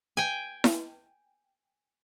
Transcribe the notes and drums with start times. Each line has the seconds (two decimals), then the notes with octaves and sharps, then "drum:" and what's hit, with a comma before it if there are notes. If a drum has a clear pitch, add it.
0.17 G5 G#5
0.64 drum: snare E4